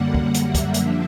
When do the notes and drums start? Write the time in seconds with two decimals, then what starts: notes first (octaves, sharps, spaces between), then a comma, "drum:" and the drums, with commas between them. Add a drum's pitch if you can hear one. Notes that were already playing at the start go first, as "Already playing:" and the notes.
Already playing: F#2 D3 G3 A#3 F#5
0.14 drum: kick
0.35 drum: hi-hat
0.44 E5
0.55 drum: kick, hi-hat
0.74 D3 F3 A#3 D4, drum: hi-hat